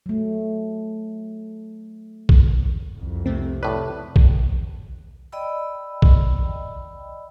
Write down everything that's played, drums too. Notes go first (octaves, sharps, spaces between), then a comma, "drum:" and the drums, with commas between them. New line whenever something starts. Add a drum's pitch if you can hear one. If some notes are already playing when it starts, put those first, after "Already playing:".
F#3 A3
drum: kick A#1
C2 F2
C3 A3 C4
A2 B4 D5
drum: kick A#1
D5 D#5 G5 B5 E6
drum: kick A#1